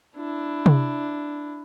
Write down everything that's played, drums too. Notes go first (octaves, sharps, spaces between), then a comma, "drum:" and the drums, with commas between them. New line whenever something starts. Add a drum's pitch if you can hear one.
D4 E4
drum: tom C3